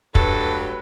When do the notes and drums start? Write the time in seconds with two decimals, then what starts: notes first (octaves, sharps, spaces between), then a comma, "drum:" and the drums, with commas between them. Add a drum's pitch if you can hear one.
0.15 D2 G2 F#3 A4 B4, drum: kick